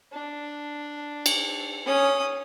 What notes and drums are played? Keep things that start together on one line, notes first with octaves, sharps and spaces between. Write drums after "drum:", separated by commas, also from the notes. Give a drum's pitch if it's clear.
D4
drum: cymbal
C#4 D#6